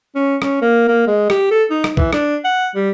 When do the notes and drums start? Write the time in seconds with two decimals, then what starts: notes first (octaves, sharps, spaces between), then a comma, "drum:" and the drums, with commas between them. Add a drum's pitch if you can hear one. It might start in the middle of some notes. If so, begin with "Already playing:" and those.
0.15 C#4
0.42 C#4, drum: rim click
0.62 A#3
0.88 A#3
1.07 G#3
1.30 G4, drum: rim click
1.51 A4
1.70 D#4
1.84 drum: rim click
1.97 E3, drum: kick B1
2.13 D4, drum: rim click
2.44 F#5
2.76 G3